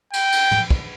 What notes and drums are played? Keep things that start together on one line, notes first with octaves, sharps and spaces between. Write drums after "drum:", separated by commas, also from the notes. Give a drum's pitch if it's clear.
G5, drum: cymbal
drum: cymbal
drum: tom
drum: kick